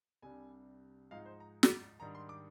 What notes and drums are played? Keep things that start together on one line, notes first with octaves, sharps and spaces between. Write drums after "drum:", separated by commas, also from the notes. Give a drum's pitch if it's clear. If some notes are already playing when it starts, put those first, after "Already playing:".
C2 C3 G3 D4 G#5
G#2 F3 G#3 D#4 F5
C5
A#5
drum: snare
G#2 D#3 G3 D4 A#5
C6
D6